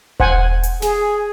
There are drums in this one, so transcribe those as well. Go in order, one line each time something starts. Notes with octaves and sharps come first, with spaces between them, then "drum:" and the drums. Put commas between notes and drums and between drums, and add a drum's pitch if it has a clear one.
C5 F#5 G#5, drum: kick E1
drum: hi-hat
G#4, drum: snare